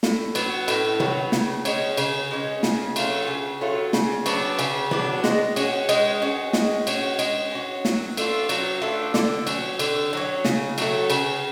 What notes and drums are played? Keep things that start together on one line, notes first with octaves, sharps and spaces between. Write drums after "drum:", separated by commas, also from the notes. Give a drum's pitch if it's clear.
A2, drum: snare
F#3 B3, drum: cymbal
A2, drum: cymbal
F#3 B3, drum: tom C3
C#3, drum: snare
G#3 C#4, drum: cymbal
C#3, drum: cymbal
G#3 C#4
C#3, drum: snare
F#3 A3 F4, drum: cymbal
C#3
F#3 A3 F4
C#3, drum: snare
F#3 B3 D4, drum: cymbal
C#3, drum: cymbal
F#3 B3 D4, drum: tom C3
G#3, drum: snare
C#4 F#4, drum: cymbal
G#3, drum: cymbal
C#4 F#4
G#3, drum: snare
C#4 F#4, drum: cymbal
G#3, drum: cymbal
C#4 F#4
F#3, drum: snare
A3 D4 F4, drum: cymbal
F#3, drum: cymbal
A3 D4 F4
D3, drum: snare
F#3 C#4, drum: cymbal
D3, drum: cymbal
F#3 C#4
C#3, drum: snare
F#3 A3, drum: cymbal
C#3, drum: cymbal